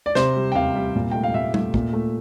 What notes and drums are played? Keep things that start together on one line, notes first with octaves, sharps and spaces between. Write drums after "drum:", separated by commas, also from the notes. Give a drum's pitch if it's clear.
D5
C3 C5, drum: snare
G3
G5
C3 F5
G3
A#2
A3 G5
F5
A#2 E5
A3, drum: tom
A#2, drum: kick
A3